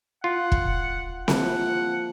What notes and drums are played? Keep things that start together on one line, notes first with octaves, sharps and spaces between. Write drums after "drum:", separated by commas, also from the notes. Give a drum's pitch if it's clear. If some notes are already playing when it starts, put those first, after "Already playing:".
F4 F#5
drum: kick
F3 A#3 F#5, drum: snare C4